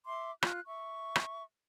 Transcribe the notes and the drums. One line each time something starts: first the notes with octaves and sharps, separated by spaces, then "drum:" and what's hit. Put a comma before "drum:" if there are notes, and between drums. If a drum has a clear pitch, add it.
E5 C6 D6
F4 F#6, drum: rim click
E5 C#6
drum: rim click